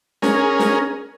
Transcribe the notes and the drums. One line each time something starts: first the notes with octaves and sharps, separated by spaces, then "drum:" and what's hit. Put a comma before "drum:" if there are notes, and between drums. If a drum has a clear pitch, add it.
C#4 G#4 A#4, drum: snare
drum: snare